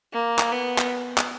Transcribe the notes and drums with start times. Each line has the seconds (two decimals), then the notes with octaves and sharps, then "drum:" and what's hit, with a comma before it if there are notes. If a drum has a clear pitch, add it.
0.13 A#3
0.39 drum: clap
0.52 B3
0.78 drum: clap
1.18 drum: clap